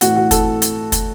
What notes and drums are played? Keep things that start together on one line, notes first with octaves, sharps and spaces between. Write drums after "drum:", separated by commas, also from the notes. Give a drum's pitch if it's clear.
A2 E3 A3 F#4, drum: hi-hat
F#4
A4, drum: kick, hi-hat
drum: hi-hat
drum: kick, hi-hat